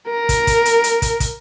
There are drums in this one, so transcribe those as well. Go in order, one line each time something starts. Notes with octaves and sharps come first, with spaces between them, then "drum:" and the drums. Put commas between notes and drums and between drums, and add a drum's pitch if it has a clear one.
A#4
drum: kick, hi-hat
drum: kick, hi-hat
drum: hi-hat
drum: hi-hat
drum: kick, hi-hat
drum: kick, hi-hat